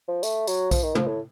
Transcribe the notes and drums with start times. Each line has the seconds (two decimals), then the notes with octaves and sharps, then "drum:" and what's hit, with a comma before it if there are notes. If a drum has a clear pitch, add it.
0.08 F3
0.23 A3, drum: tambourine
0.47 F#3, drum: tambourine
0.71 F3, drum: kick B1, tambourine
0.83 D#3
0.95 F3, drum: tom
1.07 A2